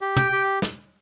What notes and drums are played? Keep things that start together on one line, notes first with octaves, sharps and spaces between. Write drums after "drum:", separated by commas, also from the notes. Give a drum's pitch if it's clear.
G4
G5, drum: tom
G4
drum: snare